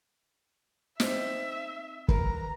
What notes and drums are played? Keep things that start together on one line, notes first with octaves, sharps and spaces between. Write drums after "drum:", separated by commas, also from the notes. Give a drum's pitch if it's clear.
C4 D#4 E5, drum: snare
A#4 B4 A#5, drum: kick